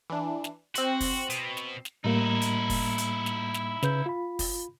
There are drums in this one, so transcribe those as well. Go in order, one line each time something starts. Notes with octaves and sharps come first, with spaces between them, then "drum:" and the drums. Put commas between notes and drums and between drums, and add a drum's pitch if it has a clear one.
E3 D4
drum: snare
C4 F#4 C6, drum: hi-hat
drum: kick, open hi-hat
B2, drum: hi-hat
drum: snare
drum: snare
A2 G3 A#3 D#4 E4
drum: hi-hat
drum: kick, open hi-hat
drum: hi-hat
drum: snare
drum: snare
C#3 B4 G6, drum: snare
F4 B5
drum: kick, open hi-hat